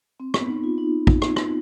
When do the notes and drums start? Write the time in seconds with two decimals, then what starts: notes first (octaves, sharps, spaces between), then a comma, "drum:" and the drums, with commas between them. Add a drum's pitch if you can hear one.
0.20 C4
0.34 B3, drum: rim click
0.49 D#4
0.64 F4
0.78 D#4
1.07 drum: kick
1.22 drum: rim click
1.36 drum: rim click